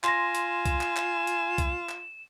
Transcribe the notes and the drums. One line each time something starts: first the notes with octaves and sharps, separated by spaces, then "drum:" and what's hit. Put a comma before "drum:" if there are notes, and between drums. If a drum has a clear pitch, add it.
F4 G#5 C6 A#6 E7, drum: clap
drum: hi-hat
drum: kick C2, hi-hat
drum: clap
drum: clap
drum: hi-hat
drum: kick C2, hi-hat
drum: clap